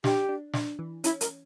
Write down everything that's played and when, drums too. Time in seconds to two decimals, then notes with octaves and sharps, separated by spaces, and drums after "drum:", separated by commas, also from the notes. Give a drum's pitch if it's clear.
0.04 D4 G4, drum: snare
0.29 D4
0.54 D4, drum: snare
0.79 E3
1.04 C#4 E4, drum: hi-hat
1.21 A#4, drum: hi-hat